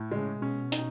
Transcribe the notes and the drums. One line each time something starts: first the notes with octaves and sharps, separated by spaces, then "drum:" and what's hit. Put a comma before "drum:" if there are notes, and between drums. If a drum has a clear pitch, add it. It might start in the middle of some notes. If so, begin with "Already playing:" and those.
Already playing: A2
C#3 G#3
B2 C#4
D#4, drum: hi-hat